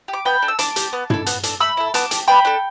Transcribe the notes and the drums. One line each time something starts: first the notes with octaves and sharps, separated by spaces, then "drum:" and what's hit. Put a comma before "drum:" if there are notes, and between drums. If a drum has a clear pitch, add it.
G4
D6
B3 G5 B5
D4 A4
E6
D4 A5 D6, drum: hi-hat
G4, drum: hi-hat
B3
E4 A4, drum: tom
B3, drum: hi-hat
D4 A4, drum: hi-hat
A3 B5 E6
E4 A4
B3 A5 D6, drum: hi-hat
G4, drum: hi-hat
B3 G5 B5
D4 A4